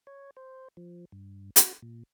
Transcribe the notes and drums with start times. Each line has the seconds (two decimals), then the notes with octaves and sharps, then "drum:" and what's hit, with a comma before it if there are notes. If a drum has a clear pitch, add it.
0.07 C#5
0.37 C5
0.77 F3
1.12 G2
1.56 F#4, drum: hi-hat
1.82 A#2